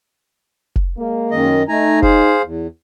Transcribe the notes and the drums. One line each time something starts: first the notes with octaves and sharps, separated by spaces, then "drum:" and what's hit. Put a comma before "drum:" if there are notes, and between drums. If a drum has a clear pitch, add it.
drum: kick F1
G#3 A#3
F#2 D#3 D#5
A3 D#4 G#5 A#5
G#4 C5 F5, drum: kick F1
E2